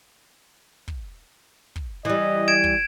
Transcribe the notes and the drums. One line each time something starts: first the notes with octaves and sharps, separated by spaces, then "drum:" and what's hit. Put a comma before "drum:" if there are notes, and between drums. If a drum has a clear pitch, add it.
drum: kick
drum: kick
E3 G3 D#5
G#6 D7 E7
drum: kick